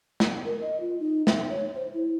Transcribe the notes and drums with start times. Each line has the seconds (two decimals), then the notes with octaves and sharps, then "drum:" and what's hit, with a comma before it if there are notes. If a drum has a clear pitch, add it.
0.20 drum: snare
0.45 A#4
0.61 D#5
0.80 F4
1.00 D#4
1.27 E5, drum: snare
1.49 C#5
1.75 C5
1.93 E4